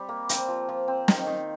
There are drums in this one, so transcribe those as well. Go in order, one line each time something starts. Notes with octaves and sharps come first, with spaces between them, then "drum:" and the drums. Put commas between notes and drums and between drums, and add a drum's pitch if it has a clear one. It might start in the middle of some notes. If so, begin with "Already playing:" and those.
Already playing: G3 C4
A#3
C4, drum: hi-hat
F3
F3
C4
D#3, drum: snare
D#3